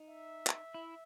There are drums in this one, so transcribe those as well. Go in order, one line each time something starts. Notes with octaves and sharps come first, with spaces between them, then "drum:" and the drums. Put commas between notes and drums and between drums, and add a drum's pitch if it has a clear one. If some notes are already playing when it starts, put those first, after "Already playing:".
Already playing: D#4
E5
drum: clap
E4